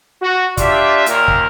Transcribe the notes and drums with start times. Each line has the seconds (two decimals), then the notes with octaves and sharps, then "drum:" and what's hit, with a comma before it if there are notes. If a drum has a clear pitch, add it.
0.22 F#4
0.57 D4 F4 G4 D5 E5, drum: kick, hi-hat
1.06 D#2 A#2 A#4, drum: hi-hat
1.28 drum: kick